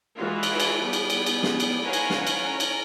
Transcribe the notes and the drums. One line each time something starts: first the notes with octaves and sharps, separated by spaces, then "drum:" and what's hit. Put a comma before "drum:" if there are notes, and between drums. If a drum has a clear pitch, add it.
E3 G#3 F4 F#4
drum: cymbal
drum: cymbal
G3 B3 G#4
drum: cymbal
drum: cymbal
drum: cymbal
drum: snare
drum: cymbal
B4 C#5 F5 F#5 G#5 A#5
drum: cymbal
drum: snare
drum: cymbal
C#4 A#5
drum: cymbal